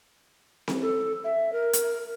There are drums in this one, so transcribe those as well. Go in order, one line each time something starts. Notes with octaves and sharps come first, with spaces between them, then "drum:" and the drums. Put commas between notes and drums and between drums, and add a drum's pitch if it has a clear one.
drum: snare C4
A4
E5
A#4
drum: hi-hat